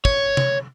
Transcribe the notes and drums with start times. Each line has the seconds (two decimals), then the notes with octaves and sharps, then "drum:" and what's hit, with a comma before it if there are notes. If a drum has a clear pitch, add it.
0.05 C#5, drum: kick
0.37 drum: tom C3